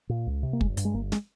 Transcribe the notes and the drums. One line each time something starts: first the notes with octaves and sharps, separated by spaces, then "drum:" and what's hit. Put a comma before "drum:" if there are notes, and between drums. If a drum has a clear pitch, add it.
A#2
C#2
C3
A#3
G1 G#3, drum: kick
G2, drum: hi-hat
G#3
G1 A#3
G#3, drum: snare